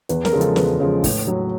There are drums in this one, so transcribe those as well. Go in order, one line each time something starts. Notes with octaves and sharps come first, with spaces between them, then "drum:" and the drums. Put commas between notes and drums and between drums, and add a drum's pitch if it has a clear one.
E2 B4, drum: hi-hat
A#4, drum: snare
C#3 F3 G#3
A4, drum: hi-hat
E2 B4, drum: snare
C#3 F3 G#3
A2, drum: kick, open hi-hat
F#3